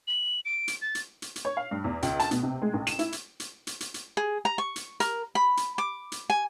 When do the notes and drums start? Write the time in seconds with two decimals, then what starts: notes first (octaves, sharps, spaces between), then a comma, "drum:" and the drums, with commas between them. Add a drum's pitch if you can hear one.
0.07 F#7
0.45 D7
0.68 drum: hi-hat
0.82 A6
0.95 drum: hi-hat
1.22 drum: hi-hat
1.36 drum: hi-hat
1.45 C#5
1.57 F5
1.71 G2
1.84 E2
2.02 C#2, drum: hi-hat
2.20 A5, drum: hi-hat
2.31 B2, drum: hi-hat
2.43 C3
2.62 G#3
2.74 A1
2.87 E7, drum: hi-hat
2.99 E4, drum: hi-hat
3.12 drum: hi-hat
3.40 drum: hi-hat
3.67 drum: hi-hat
3.80 drum: hi-hat
3.94 drum: hi-hat
4.17 G#4
4.45 A#5
4.58 C#6
4.76 drum: hi-hat
5.00 A#4, drum: hi-hat
5.35 B5
5.57 drum: hi-hat
5.78 D6
6.12 drum: hi-hat
6.30 G#5